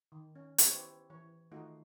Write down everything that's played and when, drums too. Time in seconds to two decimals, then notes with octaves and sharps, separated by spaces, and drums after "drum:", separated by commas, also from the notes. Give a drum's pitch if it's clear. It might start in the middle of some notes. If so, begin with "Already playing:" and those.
0.12 D#3
0.35 C#4
0.58 drum: hi-hat
0.68 B3 E4 G4 C5 C#5
1.10 E3 C#5
1.51 D#3 A3 D#4 F4 F#4